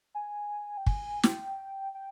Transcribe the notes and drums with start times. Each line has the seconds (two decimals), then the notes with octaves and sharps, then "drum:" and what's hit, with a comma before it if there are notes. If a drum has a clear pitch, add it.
0.15 G#5
0.78 G5
0.86 G#5, drum: kick
1.23 G5, drum: snare
1.95 G5